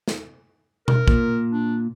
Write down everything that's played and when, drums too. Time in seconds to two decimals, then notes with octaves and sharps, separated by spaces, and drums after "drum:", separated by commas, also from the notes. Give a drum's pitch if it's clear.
0.08 drum: snare
0.88 A#4, drum: tom B2
1.08 A#2, drum: kick
1.51 D4